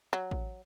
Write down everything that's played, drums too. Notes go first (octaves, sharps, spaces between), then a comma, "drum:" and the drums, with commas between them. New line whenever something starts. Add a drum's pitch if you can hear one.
F#3
drum: kick A1